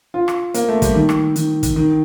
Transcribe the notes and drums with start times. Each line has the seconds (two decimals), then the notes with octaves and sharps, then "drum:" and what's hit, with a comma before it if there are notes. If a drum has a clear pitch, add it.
0.14 F4
0.28 drum: rim click
0.54 A#3, drum: hi-hat
0.68 A3
0.82 G3, drum: kick, hi-hat
0.95 D#3
1.09 drum: rim click
1.36 D#3, drum: hi-hat
1.63 drum: kick, hi-hat
1.76 D#3